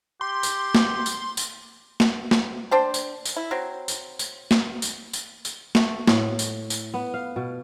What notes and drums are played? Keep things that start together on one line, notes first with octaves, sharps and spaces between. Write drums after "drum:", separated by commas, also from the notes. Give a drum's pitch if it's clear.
G4 C6
drum: tambourine
drum: snare
drum: tambourine
drum: tambourine
drum: snare
drum: snare
D4 C5 G5
drum: tambourine
drum: tambourine
E4
F#3 C4
drum: tambourine
drum: tambourine
drum: snare
drum: tambourine
drum: tambourine
drum: tambourine
A3, drum: snare
A2, drum: snare
drum: tambourine
drum: tambourine
B3
F5
B2